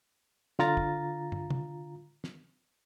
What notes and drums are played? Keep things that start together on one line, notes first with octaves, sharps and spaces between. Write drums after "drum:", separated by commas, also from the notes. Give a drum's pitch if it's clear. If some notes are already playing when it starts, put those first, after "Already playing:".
D3 F4 A#5 A6, drum: snare
drum: kick
drum: tom
drum: tom
drum: snare